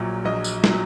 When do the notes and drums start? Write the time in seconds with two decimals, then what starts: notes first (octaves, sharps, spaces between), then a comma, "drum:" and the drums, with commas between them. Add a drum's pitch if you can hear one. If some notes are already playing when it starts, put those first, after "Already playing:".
Already playing: A#1 A#2 F#3
0.25 A#1 D#5
0.44 drum: tambourine
0.64 A#2 F#3, drum: snare